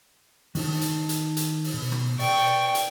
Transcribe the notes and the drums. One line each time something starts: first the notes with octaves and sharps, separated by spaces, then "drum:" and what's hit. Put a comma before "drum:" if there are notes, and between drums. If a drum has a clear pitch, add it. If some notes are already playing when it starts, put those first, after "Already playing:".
D#3 D#4 A5, drum: open hi-hat
drum: hi-hat
drum: hi-hat
drum: hi-hat
drum: open hi-hat
B2
drum: rim click
B4 D5 G5 C#6, drum: open hi-hat
drum: hi-hat